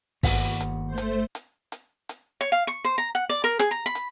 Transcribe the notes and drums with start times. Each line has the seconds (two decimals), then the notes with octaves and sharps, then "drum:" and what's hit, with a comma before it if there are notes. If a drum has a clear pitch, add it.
0.23 G1 D#2 F#5, drum: kick, open hi-hat
0.61 drum: hi-hat
0.87 A3 C5
0.98 drum: hi-hat
1.35 drum: hi-hat
1.72 drum: hi-hat
2.09 drum: hi-hat
2.41 C#5
2.52 F5
2.67 C#6
2.85 C5
2.98 A#5
3.15 F#5
3.29 D5
3.44 A#4
3.59 G#4, drum: rim click
3.71 A#5
3.86 B5
3.95 drum: hi-hat